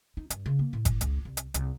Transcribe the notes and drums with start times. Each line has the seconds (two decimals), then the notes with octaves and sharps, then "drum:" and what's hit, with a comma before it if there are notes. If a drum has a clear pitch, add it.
0.17 D#4
0.30 G2, drum: hi-hat
0.46 C#3
0.59 A#3
0.73 A2
0.85 drum: kick F#1, hi-hat
1.01 C#2, drum: hi-hat
1.25 C2
1.37 drum: hi-hat
1.54 C2, drum: hi-hat